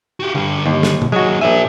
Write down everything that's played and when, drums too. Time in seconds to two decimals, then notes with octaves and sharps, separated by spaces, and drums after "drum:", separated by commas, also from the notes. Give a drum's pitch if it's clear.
0.20 F#4 G4
0.35 G2 D3 G3
0.66 D#2
0.83 drum: snare
1.02 drum: tom B2
1.12 D#2 F#3 G#3 F#4
1.41 A#1 F#4 E5 G#5